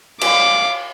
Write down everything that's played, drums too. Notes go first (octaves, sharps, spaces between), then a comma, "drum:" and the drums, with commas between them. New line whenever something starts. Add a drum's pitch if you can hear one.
F5 D6, drum: cymbal